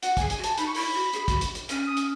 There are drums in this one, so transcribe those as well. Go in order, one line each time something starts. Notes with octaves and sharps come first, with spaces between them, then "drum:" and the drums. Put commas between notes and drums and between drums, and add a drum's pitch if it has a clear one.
F#4 F#5, drum: hi-hat
G#5, drum: kick, hi-hat
G#4
G#5, drum: hi-hat
F#4
A5, drum: hi-hat
D#4 B5, drum: hi-hat
C#6
E4 B5, drum: open hi-hat
F#4
G#4, drum: hi-hat
F#4, drum: kick, hi-hat
drum: hi-hat
drum: hi-hat
C#4, drum: hi-hat
D#6
drum: hi-hat